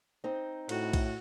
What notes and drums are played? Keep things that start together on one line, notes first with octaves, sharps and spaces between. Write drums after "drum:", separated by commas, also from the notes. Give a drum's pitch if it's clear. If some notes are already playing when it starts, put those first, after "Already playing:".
C4 D#4
A2 F#4, drum: cymbal
drum: kick B1, cymbal